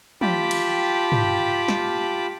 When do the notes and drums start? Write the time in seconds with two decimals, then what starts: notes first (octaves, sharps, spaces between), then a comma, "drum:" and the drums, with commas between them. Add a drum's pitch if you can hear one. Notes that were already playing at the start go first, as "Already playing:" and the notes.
0.21 F4 G4 G5 A5 B5, drum: tom
0.51 drum: cymbal
1.12 drum: tom
1.68 drum: snare